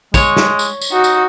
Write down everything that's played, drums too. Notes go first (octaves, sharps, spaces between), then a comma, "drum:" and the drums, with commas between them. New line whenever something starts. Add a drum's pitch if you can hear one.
G#3 C#5, drum: kick, tambourine
drum: snare
drum: tambourine
drum: tambourine
D#4 F#4
drum: tambourine